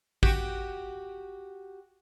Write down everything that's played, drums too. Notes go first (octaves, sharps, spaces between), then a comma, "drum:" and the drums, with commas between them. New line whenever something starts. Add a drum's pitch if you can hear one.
F#4 G4, drum: kick